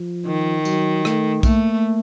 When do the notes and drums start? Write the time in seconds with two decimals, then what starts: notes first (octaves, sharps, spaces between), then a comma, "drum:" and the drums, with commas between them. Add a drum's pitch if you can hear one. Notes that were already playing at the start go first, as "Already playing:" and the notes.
Already playing: F3
0.26 D#3
0.65 F#3, drum: tambourine
1.05 A3, drum: rim click
1.43 A3 A#3, drum: kick B1, tambourine